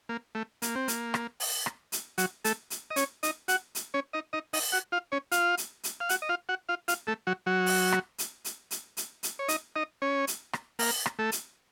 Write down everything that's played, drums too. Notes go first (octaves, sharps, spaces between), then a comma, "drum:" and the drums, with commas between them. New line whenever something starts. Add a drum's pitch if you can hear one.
A#3
A3
A#3, drum: hi-hat
C4
A#3, drum: hi-hat
drum: rim click
drum: open hi-hat
drum: rim click
drum: hi-hat
F#3 F#4, drum: hi-hat
A3 A4, drum: hi-hat
drum: hi-hat
D#5
C#4 C#5, drum: hi-hat
D#4 D#5, drum: hi-hat
F#4 F#5, drum: hi-hat
drum: hi-hat
C#4 C#5
D#4 D#5
D#4 D#5
D#4 D#5, drum: open hi-hat
F#4 F#5
F4 F5
C#4 C#5
F4 F5, drum: hi-hat
drum: hi-hat
drum: hi-hat
F5
F#4 F#5, drum: hi-hat
D#5
F4 F5
F#4 F#5
F4 F5
F4 F5, drum: hi-hat
A3 A4
F#3 F#4
F#3 F#4
drum: open hi-hat
drum: rim click
drum: hi-hat
drum: hi-hat
drum: hi-hat
drum: hi-hat
drum: hi-hat
C#5
D#4 D#5, drum: hi-hat
D#4 D#5
C#4 C#5
drum: hi-hat
drum: rim click
A#3 A#4, drum: open hi-hat
drum: rim click
A3 A4
drum: hi-hat